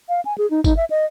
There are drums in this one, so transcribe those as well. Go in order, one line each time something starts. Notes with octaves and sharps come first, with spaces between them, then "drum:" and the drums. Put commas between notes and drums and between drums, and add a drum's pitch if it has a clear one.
F5
G#5
G#4
D#4
D#4, drum: kick G1, tambourine
E5
D#5